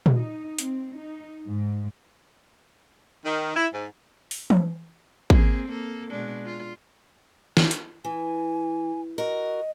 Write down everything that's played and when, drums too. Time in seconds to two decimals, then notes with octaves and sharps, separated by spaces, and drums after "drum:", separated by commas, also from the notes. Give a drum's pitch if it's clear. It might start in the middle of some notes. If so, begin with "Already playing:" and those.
0.06 drum: tom A#2
0.15 D#4
0.58 C4, drum: hi-hat
0.97 D#4
1.46 G#2
3.25 D#3
3.57 E4
3.74 G#2
4.31 drum: open hi-hat
4.50 drum: tom E3
5.30 A#3 C4 G#4, drum: kick
5.69 A#3 A4
6.10 B2 G#3 D4
6.45 F4
7.57 drum: snare
7.71 drum: hi-hat
8.05 E3 G#5
9.18 F#4 A#4 D#5